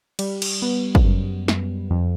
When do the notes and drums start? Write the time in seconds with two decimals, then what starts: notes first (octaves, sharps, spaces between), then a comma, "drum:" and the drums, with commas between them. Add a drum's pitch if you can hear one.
0.19 G3, drum: cymbal
0.42 drum: cymbal
0.62 B3
0.95 drum: kick
1.04 F#2
1.48 F#2, drum: snare
1.91 F2